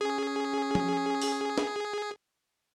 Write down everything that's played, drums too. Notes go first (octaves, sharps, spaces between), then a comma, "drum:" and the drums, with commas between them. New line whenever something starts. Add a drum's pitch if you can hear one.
C#4 G#4
drum: tom F3
drum: open hi-hat
drum: snare